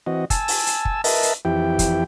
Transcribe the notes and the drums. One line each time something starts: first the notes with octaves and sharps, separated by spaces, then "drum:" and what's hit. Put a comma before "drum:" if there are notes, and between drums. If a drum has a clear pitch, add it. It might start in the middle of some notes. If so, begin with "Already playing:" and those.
E3 C4 F#4 D#5
G#5 A5 E6, drum: kick, hi-hat
drum: open hi-hat
drum: hi-hat
drum: kick
A#4 B4 D#5 E5 A5, drum: open hi-hat
drum: hi-hat
F2 E3 E4 G4 G5
drum: kick, hi-hat